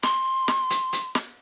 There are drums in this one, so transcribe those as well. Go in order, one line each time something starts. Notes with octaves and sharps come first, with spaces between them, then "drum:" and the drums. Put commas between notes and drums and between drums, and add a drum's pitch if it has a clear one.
C6, drum: snare
drum: snare
drum: hi-hat
drum: hi-hat
drum: snare